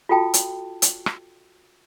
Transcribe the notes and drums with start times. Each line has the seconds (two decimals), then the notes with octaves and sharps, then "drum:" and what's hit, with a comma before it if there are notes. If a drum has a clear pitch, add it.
0.09 F4 F#4 A4 G5 A5
0.34 drum: hi-hat
0.82 drum: hi-hat
1.06 drum: rim click